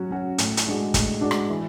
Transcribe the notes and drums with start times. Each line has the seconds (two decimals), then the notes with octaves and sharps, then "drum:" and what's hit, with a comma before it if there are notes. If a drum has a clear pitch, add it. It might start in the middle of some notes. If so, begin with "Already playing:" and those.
Already playing: F#3 C#4 F#4
0.11 C#4 F#4
0.38 A2, drum: hi-hat
0.57 drum: hi-hat
0.67 G#3 D4 F#4
0.94 A2, drum: kick, hi-hat
1.21 G#3 D4 F#4
1.31 drum: rim click
1.50 E3